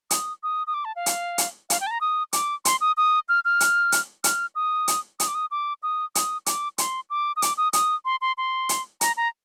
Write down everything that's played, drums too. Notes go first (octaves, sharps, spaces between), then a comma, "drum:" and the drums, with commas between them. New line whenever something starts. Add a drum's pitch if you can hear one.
D#6, drum: hi-hat
D#6
D#6
D6
A5
F5
drum: hi-hat
drum: hi-hat
F5, drum: hi-hat
G5
A5
A#5
D#6
D6, drum: hi-hat
C6, drum: hi-hat
D#6
D#6
F6
F6
drum: hi-hat
drum: hi-hat
F6, drum: hi-hat
D#6
drum: hi-hat
D#6, drum: hi-hat
D6
D#6
D6
D#6
D#6, drum: hi-hat
D6, drum: hi-hat
C6, drum: hi-hat
D6
D#6
D6, drum: hi-hat
D#6
D#6, drum: hi-hat
C6
C6
C6
drum: hi-hat
A#5, drum: hi-hat
A#5